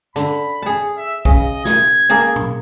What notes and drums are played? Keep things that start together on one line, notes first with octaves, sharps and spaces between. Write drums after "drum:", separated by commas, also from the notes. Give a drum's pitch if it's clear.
D3 B5, drum: hi-hat
G#4 A5
E5
C#3 D#5, drum: kick
G#6, drum: snare
A#3 G#4 A5
drum: tom